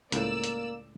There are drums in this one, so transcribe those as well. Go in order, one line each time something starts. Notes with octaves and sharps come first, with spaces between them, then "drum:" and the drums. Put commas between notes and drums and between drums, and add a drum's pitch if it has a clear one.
C#2 A2 A#3 D5 E6, drum: hi-hat
drum: hi-hat